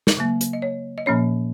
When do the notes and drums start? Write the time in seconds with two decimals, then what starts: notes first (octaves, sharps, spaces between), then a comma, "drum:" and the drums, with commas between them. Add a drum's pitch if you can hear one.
0.07 drum: snare
0.17 C#3 F#3 A#3
0.41 drum: hi-hat
0.53 D#5
0.62 C#5
0.98 D#5
1.06 A#2 F3 A#3 C#4 C#5